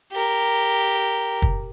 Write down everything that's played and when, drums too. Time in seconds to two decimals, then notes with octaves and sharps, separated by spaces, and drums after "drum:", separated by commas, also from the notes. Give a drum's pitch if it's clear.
0.12 G4 A#4
1.42 drum: kick